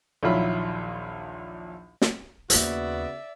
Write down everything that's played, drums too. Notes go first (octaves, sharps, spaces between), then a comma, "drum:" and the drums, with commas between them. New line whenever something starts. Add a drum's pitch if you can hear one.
A#1 D#2 F#3 E4 F4 B5
drum: snare
D#2 C#3 A#3 B3 F#4 D5 E5, drum: hi-hat